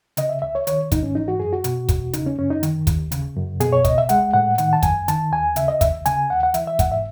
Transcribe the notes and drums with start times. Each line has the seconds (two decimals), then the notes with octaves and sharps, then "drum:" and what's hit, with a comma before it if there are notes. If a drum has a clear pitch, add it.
0.17 C#3 D#5, drum: hi-hat
0.29 E5
0.42 C#2 E5
0.55 C#5
0.67 D#3 C#5, drum: hi-hat
0.92 G#2 D#4, drum: kick, hi-hat
1.03 C#4
1.15 E3 D#4
1.28 F#4
1.40 F#2 G#4
1.53 F#4
1.64 B2, drum: hi-hat
1.89 E2, drum: kick, hi-hat
2.13 C#3 D#4, drum: hi-hat
2.26 C#4
2.38 F#2 C#4
2.50 D#4
2.63 D#3, drum: hi-hat
2.87 D#2, drum: kick, hi-hat
3.12 C#3, drum: hi-hat
3.37 F#2
3.60 B2 G#4, drum: hi-hat
3.73 C#5
3.85 C#2 D#5, drum: kick, hi-hat
3.98 E5
4.09 G#3 F#5, drum: hi-hat
4.34 A2 F#5
4.58 D#3 F#5, drum: hi-hat
4.73 A5
4.83 F#2 G#5, drum: kick, hi-hat
5.08 D#3 A5, drum: hi-hat
5.32 D#2 G#5
5.56 C#3 E5, drum: hi-hat
5.68 D#5
5.81 D#2 E5, drum: kick, hi-hat
6.06 C#3 G#5, drum: hi-hat
6.30 D#2 F#5
6.43 F#5
6.54 E3 E5, drum: hi-hat
6.67 E5
6.79 G#2 F#5, drum: kick, hi-hat
6.92 E5